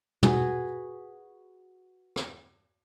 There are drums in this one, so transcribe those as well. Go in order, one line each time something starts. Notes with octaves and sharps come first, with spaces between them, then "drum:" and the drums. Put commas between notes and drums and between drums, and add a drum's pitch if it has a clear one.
F#4 G#4 B4, drum: tom
drum: rim click